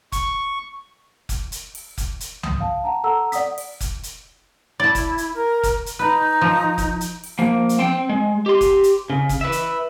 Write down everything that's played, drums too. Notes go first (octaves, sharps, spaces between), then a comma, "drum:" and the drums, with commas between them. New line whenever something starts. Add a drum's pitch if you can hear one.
C#6, drum: kick F1, hi-hat
drum: kick F1, hi-hat
drum: hi-hat
drum: open hi-hat
drum: kick F1, hi-hat
drum: hi-hat
D#6, drum: tom C2
F5 A5
F#5 A5 A#5
A4 F#5 A#5 E6
D5 F#5 D#6 B6, drum: hi-hat
drum: open hi-hat
drum: kick F1, hi-hat
drum: hi-hat
E4 D5 A5
drum: kick F1, hi-hat
drum: hi-hat
A#4
drum: kick F1, hi-hat
drum: hi-hat
D#4 B4
F3
drum: kick F1, hi-hat
drum: hi-hat
drum: open hi-hat
F3 A#3
drum: hi-hat
C4 G5
G#3
G4 C6
drum: kick F1, hi-hat
drum: hi-hat
C#3
drum: kick F1, hi-hat
B4 E5
drum: hi-hat